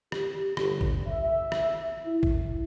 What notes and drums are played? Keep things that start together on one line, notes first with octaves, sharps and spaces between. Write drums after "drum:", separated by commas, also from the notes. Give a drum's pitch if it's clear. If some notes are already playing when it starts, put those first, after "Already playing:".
G4, drum: rim click
G1, drum: rim click
drum: kick
E5
drum: rim click
E4
drum: kick